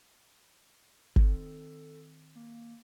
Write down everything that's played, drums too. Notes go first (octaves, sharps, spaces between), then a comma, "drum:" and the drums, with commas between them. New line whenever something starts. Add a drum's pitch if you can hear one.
D#3 C4 A4, drum: kick G1
A#3